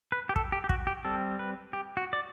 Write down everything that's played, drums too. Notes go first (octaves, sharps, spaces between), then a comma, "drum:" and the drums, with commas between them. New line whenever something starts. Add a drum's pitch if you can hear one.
B4
G4
A4, drum: kick
G4
G4
F#4, drum: kick
G4
G3 C4 A4
B4
G4
F#4
D5